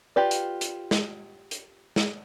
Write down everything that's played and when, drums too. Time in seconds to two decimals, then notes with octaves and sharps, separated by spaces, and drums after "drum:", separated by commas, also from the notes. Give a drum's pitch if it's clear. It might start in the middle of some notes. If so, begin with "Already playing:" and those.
0.16 F4 G4 B4 D5
0.31 drum: hi-hat
0.61 drum: hi-hat
0.91 drum: snare
1.51 drum: hi-hat
1.96 drum: snare